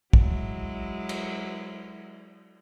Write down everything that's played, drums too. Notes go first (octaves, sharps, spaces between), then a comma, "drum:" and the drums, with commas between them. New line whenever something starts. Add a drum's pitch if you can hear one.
F#3 G#3 E4, drum: kick
drum: cymbal